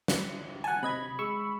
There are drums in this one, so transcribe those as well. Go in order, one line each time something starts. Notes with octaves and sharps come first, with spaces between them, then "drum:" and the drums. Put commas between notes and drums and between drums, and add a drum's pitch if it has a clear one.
drum: snare
F#5 G#5 A5
C3 D#5 B5 G#6
G#3 C#6 E6